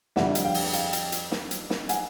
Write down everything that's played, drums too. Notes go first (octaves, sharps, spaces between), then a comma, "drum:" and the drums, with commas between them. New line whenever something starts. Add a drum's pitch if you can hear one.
F2 D3 G3 E5 F#5, drum: snare
drum: hi-hat
F5 G5
drum: open hi-hat
F5 G5, drum: hi-hat
drum: hi-hat
drum: hi-hat
drum: snare
drum: hi-hat
drum: snare
F#5 G#5, drum: hi-hat